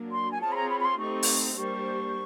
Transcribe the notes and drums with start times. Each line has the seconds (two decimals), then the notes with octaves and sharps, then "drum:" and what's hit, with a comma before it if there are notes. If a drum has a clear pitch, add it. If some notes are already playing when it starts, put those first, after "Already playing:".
Already playing: F#3 A#3 D4
0.12 C6
0.31 G#5
0.41 C4 F4 G#4 C#5 A5
0.52 B5
0.56 A#5
0.70 B5
0.80 B5
0.85 C6
0.98 A3 C4 D#4 G4 C#6
1.23 drum: open hi-hat
1.57 G3 A#3 D4 G4 C5 C#6